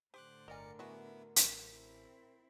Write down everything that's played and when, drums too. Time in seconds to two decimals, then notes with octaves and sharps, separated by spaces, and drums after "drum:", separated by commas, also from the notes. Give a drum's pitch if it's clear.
0.14 A2 D3 G4 C5 D6 F#6
0.48 G1 A#4 D5 D#5 G#5 C#7
0.79 B3 E4 F#4 G#4 D#5
1.36 A1, drum: hi-hat
1.70 C4 E4